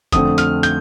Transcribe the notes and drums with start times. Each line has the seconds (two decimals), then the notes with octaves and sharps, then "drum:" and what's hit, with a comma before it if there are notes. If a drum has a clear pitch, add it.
0.12 F2 D3 A3 C4 D#6, drum: kick, hi-hat
0.38 F6, drum: hi-hat
0.63 G6, drum: hi-hat